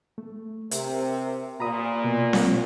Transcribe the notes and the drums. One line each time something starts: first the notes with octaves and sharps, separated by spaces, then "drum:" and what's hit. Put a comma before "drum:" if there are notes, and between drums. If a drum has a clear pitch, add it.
A3
C3 A#4 E5, drum: hi-hat
A#2 A#5 B5 D#6
B2
drum: snare C4